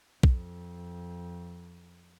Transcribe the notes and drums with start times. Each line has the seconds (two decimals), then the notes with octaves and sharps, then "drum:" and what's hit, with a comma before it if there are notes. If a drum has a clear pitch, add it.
0.23 F2, drum: kick